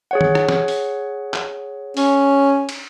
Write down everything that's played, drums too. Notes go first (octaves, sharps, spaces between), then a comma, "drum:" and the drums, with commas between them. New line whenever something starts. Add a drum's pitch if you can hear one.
G#4 C#5 F#5
drum: tom D#3
drum: rim click
drum: snare
drum: open hi-hat
drum: clap
C#4, drum: open hi-hat
drum: cymbal